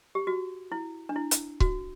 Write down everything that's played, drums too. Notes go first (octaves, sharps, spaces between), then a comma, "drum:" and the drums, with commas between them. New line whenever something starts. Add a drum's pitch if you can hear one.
G4
F#4
E4
D4
E4
drum: hi-hat
F#4, drum: kick C#1